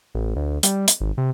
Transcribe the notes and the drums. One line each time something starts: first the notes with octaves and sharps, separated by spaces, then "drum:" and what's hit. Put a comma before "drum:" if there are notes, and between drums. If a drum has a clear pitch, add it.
A1
D2
G3, drum: hi-hat
drum: hi-hat
G#1
C3